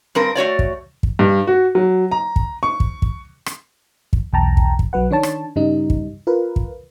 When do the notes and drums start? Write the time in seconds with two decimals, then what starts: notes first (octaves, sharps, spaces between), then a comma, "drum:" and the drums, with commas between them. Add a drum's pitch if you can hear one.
0.15 G2 C4 A#4
0.35 A3 F#4 C#5 D5
0.59 drum: kick
1.03 drum: kick
1.19 G2
1.47 F#4
1.75 F#3
2.11 A#5
2.36 drum: kick
2.63 C#6
2.80 drum: kick
3.02 drum: kick
3.46 drum: rim click
4.13 drum: kick
4.33 B1 E2 G5 A5 A#5
4.57 drum: kick
4.79 drum: kick
4.93 B1 F#3 B4 F#5
5.11 D#3 D4 C#5 A5
5.23 drum: rim click
5.56 G2 C#3 G3 D#4
5.90 drum: kick
6.27 F4 A#4 B4
6.56 drum: kick